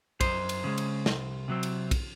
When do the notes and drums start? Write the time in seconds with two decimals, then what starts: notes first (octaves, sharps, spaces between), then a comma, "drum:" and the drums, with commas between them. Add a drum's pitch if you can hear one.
0.21 F#2 C5, drum: kick B1, cymbal
0.49 drum: cymbal
0.64 C#3 G#3
0.78 drum: cymbal
1.06 C2, drum: snare
1.48 C3 F#3 C4
1.63 drum: cymbal
1.91 drum: kick B1, cymbal